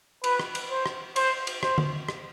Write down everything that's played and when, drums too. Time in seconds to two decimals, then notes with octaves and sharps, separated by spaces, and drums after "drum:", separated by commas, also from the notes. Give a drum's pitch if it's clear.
0.24 B4, drum: cymbal
0.39 drum: rim click
0.55 drum: cymbal
0.70 C5
0.86 drum: rim click
1.16 C5, drum: cymbal
1.47 drum: cymbal
1.63 C5, drum: rim click
1.78 drum: tom D3
2.09 drum: rim click